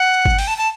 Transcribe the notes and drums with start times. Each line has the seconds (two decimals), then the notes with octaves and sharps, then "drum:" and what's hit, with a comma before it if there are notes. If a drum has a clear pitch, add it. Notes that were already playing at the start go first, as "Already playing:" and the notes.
Already playing: F#5
0.25 drum: kick G1
0.39 G5, drum: open hi-hat
0.47 A5
0.58 A5